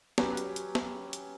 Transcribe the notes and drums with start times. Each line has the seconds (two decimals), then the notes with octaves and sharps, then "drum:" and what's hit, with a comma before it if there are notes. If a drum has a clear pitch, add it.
0.18 F#3 C#4 G4 B4, drum: snare
0.37 drum: hi-hat
0.56 drum: hi-hat
0.75 drum: snare
1.13 drum: hi-hat